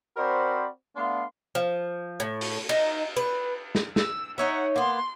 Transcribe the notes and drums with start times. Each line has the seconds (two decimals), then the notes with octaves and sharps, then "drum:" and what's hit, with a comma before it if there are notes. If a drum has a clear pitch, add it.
0.17 C4 F#4 A#4 C5 D5 B5
0.96 A3 B3 D4 F5 C6
1.55 F3
2.20 A2
2.41 drum: open hi-hat
2.69 D#4, drum: cymbal
3.17 B4
3.75 drum: snare
3.96 E6, drum: snare
4.38 D#4 C#5 E5 F#5
4.76 A#3 B3 C6